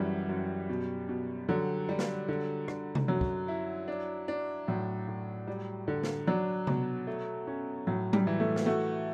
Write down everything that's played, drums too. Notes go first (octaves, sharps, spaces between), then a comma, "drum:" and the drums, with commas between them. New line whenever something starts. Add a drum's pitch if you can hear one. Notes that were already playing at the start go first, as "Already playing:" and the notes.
Already playing: F#2 E3 G3 F#4
F#2
B2
B2
D3 F#3
G3
drum: snare
D3
D3, drum: rim click
drum: tom C3
F#2 F#3
drum: kick
E4
D4
D4
A2 F#3
A2
G3
D3
drum: snare
F#3 D4
B2, drum: tom C3
A3
C#4
A2 F#3
G3, drum: tom F#3
E3
A3
drum: snare
A3 F#4